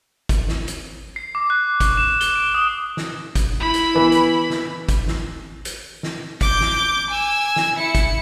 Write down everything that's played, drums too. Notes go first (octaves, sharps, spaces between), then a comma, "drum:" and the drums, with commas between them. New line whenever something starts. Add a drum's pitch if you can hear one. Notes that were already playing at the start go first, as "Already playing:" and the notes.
drum: kick, hi-hat
drum: snare
drum: hi-hat
C7
D6
F#6
C#6, drum: kick, hi-hat
E7
G7, drum: hi-hat
D7
D#6
drum: snare
drum: kick, hi-hat
E4 B5
drum: hi-hat
E3 B3
drum: hi-hat
drum: snare
drum: kick, hi-hat
drum: snare
drum: hi-hat
drum: snare
D6 G6, drum: kick, hi-hat
drum: snare
G#5 E6
drum: snare
E4 C#7
drum: kick, hi-hat